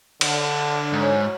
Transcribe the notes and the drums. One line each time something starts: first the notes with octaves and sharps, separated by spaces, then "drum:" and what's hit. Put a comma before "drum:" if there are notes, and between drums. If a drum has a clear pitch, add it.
D3, drum: cymbal
G#2 F#3 C#4 E4